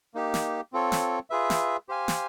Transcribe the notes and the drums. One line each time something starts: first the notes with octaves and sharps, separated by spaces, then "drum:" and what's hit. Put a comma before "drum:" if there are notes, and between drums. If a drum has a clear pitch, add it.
A#3 D#4 G4
drum: snare
C4 F4 A4 C#5
drum: snare
F4 G#4 B4 E5
drum: snare
G4 C5 F5 G#5
drum: snare